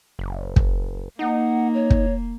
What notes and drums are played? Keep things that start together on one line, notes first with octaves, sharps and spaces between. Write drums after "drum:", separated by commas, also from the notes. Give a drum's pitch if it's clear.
F#1
drum: kick
A#3 D#4 F#5
C#5
drum: kick